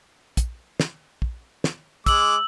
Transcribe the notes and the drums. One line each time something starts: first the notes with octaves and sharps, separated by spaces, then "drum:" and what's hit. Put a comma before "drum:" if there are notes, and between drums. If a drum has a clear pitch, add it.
drum: kick, hi-hat
drum: snare
drum: kick
drum: snare
G#3 D6 E6 F#7, drum: kick, hi-hat